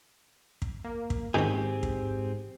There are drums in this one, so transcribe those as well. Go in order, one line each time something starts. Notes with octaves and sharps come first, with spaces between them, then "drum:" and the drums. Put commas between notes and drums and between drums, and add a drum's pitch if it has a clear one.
drum: kick
A#3
drum: kick
G#2 D#3 C4 C#4 G4 G#4
drum: kick